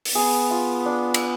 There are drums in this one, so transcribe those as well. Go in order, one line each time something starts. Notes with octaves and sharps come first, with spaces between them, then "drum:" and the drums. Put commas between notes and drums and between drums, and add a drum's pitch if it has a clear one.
drum: open hi-hat
B3 G#4
F4
D4
drum: cymbal